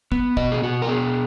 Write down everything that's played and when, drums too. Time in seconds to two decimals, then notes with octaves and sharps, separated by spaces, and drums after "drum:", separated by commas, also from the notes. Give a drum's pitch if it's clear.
0.12 B3, drum: kick
0.37 B2 D#5, drum: kick
0.52 G#4
0.63 B2 F#4
0.82 A#4
0.88 B3 G#4